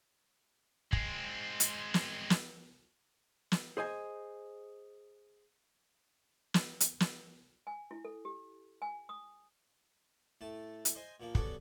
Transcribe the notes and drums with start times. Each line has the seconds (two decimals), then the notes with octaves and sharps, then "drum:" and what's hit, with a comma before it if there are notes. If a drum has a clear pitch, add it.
0.93 G#3 C4, drum: kick
1.60 drum: hi-hat
1.94 drum: snare
2.30 drum: snare
3.52 drum: snare
3.77 G#4 C5 D#5 G#5
6.54 drum: snare
6.80 drum: hi-hat
7.00 drum: snare
7.67 G#5
7.91 E4
8.05 A4
8.25 G4
8.82 G#5
9.09 D#6
10.41 A2 A3 A5
10.85 drum: hi-hat
10.95 C5 D#5 G#5
11.20 A#2 F3 A#3
11.35 G3 B3 C#4 D4 F#4 A4, drum: kick